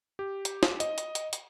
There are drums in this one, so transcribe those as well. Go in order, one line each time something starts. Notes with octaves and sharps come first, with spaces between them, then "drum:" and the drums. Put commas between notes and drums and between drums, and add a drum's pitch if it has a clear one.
G4
drum: hi-hat
drum: snare
D#5, drum: hi-hat
drum: hi-hat
drum: hi-hat
drum: hi-hat